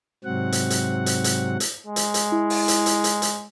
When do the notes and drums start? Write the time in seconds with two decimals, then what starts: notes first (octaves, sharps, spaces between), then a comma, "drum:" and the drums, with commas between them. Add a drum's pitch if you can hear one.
0.24 G#2 C3 F#3 C4 F#5
0.52 drum: hi-hat
0.70 drum: hi-hat
1.06 drum: hi-hat
1.24 drum: hi-hat
1.60 drum: hi-hat
1.87 G#3
1.96 drum: hi-hat
2.14 drum: hi-hat
2.32 E4
2.50 drum: open hi-hat
2.68 drum: hi-hat
2.86 drum: hi-hat
3.04 drum: hi-hat
3.22 drum: hi-hat